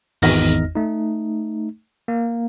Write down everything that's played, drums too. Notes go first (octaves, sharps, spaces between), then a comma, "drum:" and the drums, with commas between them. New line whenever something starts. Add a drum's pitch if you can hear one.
G#1 E2 D#4 D#5 F6 A#6, drum: open hi-hat
A3 D#4
A#3